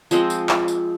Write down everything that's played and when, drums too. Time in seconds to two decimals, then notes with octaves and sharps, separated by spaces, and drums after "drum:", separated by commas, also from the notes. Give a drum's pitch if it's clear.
0.11 F3 G#3 C4 D#5, drum: tambourine
0.30 drum: tambourine
0.49 drum: clap
0.68 drum: tambourine